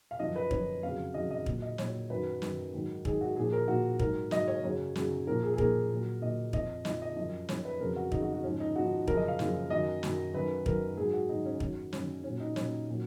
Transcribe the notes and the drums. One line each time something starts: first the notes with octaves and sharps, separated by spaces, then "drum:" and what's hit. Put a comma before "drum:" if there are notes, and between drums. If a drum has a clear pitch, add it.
F5
F#2 F3 D#5
B4
F#2 F3 C#5, drum: kick
F2 C#3 F#3 F5
F2 C#3 F#3 D#5
D#5
A#2 F#3, drum: kick
D#5
A#2 F#3 C#5, drum: snare
F#2 D#3 F#3 B4
F#2 D#3 F#3, drum: snare
G#2 D#3 F#3
G#2 D#3 F#3 G#4, drum: kick
F#4
A#2 F3 G#4
A#4
A#2 F3 F#4
G#2 F#3 A#4, drum: kick
G#2 F#3 D#5, drum: snare
C#5
F#2 C#3 F#3 C#5
F#2 C#3 F#3, drum: snare
A#2 F3 A#4
G#4
G#4
A#2 F3 A#4, drum: kick
A#2 F#3
A#2 F#3 D#5
F2 F3 D#5, drum: kick
F2 F3 D#5, drum: snare
D#5
F#2 F3 D#5
F#2 F3 C#5, drum: snare
B4
F2 C#3 F#3 A#4
F#4
F2 C#3 F#3 D#4, drum: kick
F#4
F#4
G#2 F3 C#4
D#4
G#2 F3 F#4
F#2 C#3 F3 A#4, drum: kick
D#5
F5
F#2 C#3 F3, drum: snare
F#2 D#3 F#3 D#5
F#2 D#3 F#3, drum: snare
F#2 D#3 F#3 B4
F#2 D#3 F#3 A#4, drum: kick
G#2 F#3 G#4
F#4
G#2 F#3 D#4
C#4
F#2 D#3 F#3, drum: kick
F#2 D#3 F#3 C#4, drum: snare
A#2 F#3 C#4
D#4
A#2 F#3 C#4, drum: snare
A#2 F#3